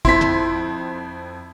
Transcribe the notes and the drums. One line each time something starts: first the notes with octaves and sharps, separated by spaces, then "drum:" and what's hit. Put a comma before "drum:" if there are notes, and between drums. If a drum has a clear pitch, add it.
F2 C4 E4 C6 B6, drum: kick
drum: tom